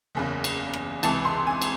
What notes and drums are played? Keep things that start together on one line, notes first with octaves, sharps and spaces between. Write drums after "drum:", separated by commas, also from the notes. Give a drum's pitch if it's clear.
F#1 E2 C#3
drum: cymbal
drum: rim click
C#2 C3 E3 A5, drum: cymbal
C6
G#5
drum: cymbal